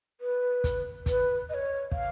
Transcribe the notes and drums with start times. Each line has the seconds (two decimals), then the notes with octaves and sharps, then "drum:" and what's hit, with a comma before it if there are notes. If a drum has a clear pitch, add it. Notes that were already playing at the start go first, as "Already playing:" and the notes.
0.21 B4
0.64 drum: kick, hi-hat
1.06 B4, drum: kick, hi-hat
1.49 D#5
1.54 C#5
1.91 F5, drum: kick